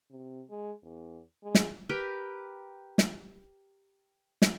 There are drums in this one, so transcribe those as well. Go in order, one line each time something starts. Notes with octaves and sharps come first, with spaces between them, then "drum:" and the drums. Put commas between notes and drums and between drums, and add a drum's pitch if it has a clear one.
C3
G#3
E2
G#3
drum: snare
G4 A#4 B4
drum: snare
drum: snare